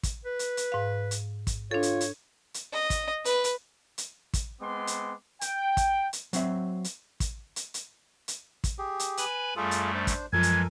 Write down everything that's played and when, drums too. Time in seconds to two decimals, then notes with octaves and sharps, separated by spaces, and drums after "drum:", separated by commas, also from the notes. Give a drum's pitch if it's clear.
0.03 drum: kick, hi-hat
0.25 B4
0.39 drum: hi-hat
0.57 drum: hi-hat
0.72 G#2 F5
1.11 drum: hi-hat
1.47 drum: kick, hi-hat
1.71 D4 F4 A4 C#5
1.83 drum: hi-hat
2.01 drum: hi-hat
2.54 drum: hi-hat
2.73 D#5
2.90 drum: kick, hi-hat
3.25 B4, drum: hi-hat
3.44 drum: hi-hat
3.98 drum: hi-hat
4.34 drum: kick, hi-hat
4.61 G#3 B3 C4 C6 D6
4.87 drum: hi-hat
5.41 G5, drum: hi-hat
5.77 drum: kick, hi-hat
6.13 drum: hi-hat
6.33 F#3 C4 E5, drum: hi-hat
6.84 drum: hi-hat
7.20 drum: kick, hi-hat
7.56 drum: hi-hat
7.74 drum: hi-hat
8.28 drum: hi-hat
8.64 drum: kick, hi-hat
8.78 G4 G#4
8.99 drum: hi-hat
9.17 B4 G#5 B5, drum: hi-hat
9.56 F#2 G3 A3 F4 G#4 A4
9.71 drum: hi-hat
9.94 D4 C5
10.07 drum: kick, hi-hat
10.33 F#2 E3 F3 G#3 A4 A#4 G#5 G#6
10.43 drum: hi-hat